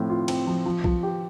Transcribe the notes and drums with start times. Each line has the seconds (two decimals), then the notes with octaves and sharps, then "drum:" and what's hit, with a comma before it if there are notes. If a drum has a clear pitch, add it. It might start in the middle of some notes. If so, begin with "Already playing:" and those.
Already playing: A2 F3 C4
0.10 F4
0.28 C4, drum: cymbal
0.47 F3
0.66 F3
0.84 F3, drum: kick
1.03 G4